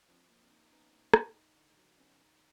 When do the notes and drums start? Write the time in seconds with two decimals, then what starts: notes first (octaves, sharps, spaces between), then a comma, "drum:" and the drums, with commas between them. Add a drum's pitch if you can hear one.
0.08 F3 C4 D4
0.30 A#3
0.40 C4 D4
0.50 D#4
0.72 B3 C#4 D#4
0.93 A2
1.14 A2, drum: rim click
1.35 D#4
1.56 D3
1.77 F#3
1.98 B3 C#4 D#4
2.19 D#4